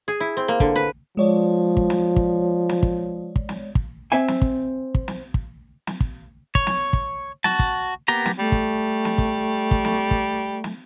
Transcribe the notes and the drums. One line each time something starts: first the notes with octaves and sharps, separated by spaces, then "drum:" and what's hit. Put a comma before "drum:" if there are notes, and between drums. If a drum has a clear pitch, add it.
G#4
E4
C4
A#3
D3, drum: kick
B4
F3 G#3 C#5 D5
drum: kick
drum: snare
drum: kick
drum: snare
drum: kick
drum: kick
drum: snare
drum: kick
C4 E5 G#5
drum: snare
drum: kick
drum: kick
drum: snare
drum: kick
drum: snare
drum: kick
C#5, drum: kick
drum: snare
drum: kick
F#4 A5, drum: snare
drum: kick
A#3 B3 G4 A#5
drum: snare
G3 A3
drum: kick
drum: snare
drum: kick
drum: kick
drum: snare
drum: kick
drum: snare